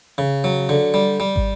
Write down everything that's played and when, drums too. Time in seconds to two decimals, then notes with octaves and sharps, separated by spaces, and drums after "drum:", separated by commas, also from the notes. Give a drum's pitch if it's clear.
0.18 C#3
0.44 F#3
0.69 D3
0.94 G3
1.20 G3
1.36 drum: kick